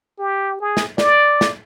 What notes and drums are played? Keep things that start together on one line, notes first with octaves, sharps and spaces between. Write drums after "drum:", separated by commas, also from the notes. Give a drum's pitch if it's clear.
G4
G#4
drum: snare
D5, drum: snare
drum: snare